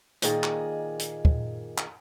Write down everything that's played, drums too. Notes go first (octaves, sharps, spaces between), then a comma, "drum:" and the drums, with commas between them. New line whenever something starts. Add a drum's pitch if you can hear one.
A#2 D#3 G#4 D#5, drum: hi-hat
drum: clap
drum: hi-hat
drum: kick
drum: clap